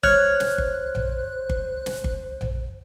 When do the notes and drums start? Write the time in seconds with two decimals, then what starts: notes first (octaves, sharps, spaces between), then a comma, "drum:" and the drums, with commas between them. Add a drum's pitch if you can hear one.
0.03 C5 C#5 F6 F#6 G#6, drum: kick G1
0.40 drum: snare
0.58 drum: kick G1
0.95 drum: tom A#1
1.49 drum: kick G1
1.86 drum: snare
2.04 drum: kick G1
2.41 drum: tom A#1